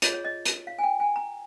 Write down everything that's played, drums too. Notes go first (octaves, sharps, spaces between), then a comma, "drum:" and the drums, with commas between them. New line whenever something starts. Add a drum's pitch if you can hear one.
F4 G#4 C#5 D#5, drum: hi-hat
C#5
D#5
drum: hi-hat
F5
G#5
G5
G#5
A#5